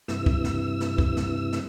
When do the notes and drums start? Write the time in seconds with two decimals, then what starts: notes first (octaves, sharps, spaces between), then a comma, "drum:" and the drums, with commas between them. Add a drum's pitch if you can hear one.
0.08 G2 C3 E3 E6, drum: snare
0.26 drum: kick
0.44 drum: snare
0.80 drum: snare
0.98 drum: kick
1.16 drum: snare
1.52 drum: snare